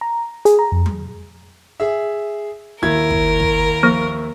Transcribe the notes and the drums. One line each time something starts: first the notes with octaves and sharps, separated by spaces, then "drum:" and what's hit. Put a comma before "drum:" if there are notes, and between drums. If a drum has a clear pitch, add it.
A#5
G#4, drum: hi-hat
A#5
F2
drum: tom F#3
G#4 E5
D#2 E4 A#4 G#6
drum: kick
drum: kick
F3 A#3